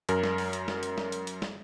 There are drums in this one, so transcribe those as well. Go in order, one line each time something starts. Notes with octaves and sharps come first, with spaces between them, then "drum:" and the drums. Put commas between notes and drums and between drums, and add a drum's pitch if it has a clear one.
F#2 A#4, drum: hi-hat
drum: snare
drum: open hi-hat
drum: hi-hat
drum: snare
drum: hi-hat
drum: snare
drum: hi-hat
drum: hi-hat
drum: snare